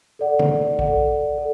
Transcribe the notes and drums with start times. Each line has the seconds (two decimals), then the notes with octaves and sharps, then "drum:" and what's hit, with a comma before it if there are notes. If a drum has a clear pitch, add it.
0.19 A4 D5 F#5
0.39 drum: tom
0.79 A4 D5 F#5, drum: kick
1.38 A4